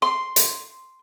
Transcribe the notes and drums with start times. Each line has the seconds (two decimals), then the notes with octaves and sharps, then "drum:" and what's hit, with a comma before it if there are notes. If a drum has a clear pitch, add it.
0.02 C6
0.36 drum: hi-hat